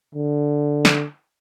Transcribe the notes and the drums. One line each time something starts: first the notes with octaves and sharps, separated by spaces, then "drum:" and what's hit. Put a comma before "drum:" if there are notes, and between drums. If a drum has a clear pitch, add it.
D3
drum: snare